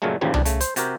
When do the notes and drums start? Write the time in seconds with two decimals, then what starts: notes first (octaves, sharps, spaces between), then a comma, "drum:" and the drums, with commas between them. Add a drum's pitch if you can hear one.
0.02 F#2 A#2 C#3 F#3 G#3 A3
0.21 A1 D#2 C#3 E3 F3 G3
0.34 B1 E2 C3 D4, drum: tom C2
0.45 C#3 A3, drum: hi-hat
0.61 C5, drum: hi-hat
0.76 C3 F#4 G4 A#4, drum: hi-hat